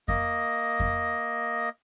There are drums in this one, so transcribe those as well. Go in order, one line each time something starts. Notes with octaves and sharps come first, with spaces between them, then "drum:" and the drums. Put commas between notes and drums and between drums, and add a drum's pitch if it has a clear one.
A#3 D#5, drum: kick F2
drum: kick F2